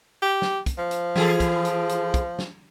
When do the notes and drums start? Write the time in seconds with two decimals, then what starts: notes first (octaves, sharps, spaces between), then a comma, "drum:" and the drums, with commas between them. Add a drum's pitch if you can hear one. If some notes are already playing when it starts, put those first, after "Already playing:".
0.22 G4
0.42 drum: snare
0.66 drum: kick, hi-hat
0.78 F3
0.91 drum: hi-hat
1.16 E3 G#4 A4, drum: snare
1.40 drum: kick, hi-hat
1.65 drum: hi-hat
1.89 drum: hi-hat
2.14 drum: kick, hi-hat
2.39 drum: snare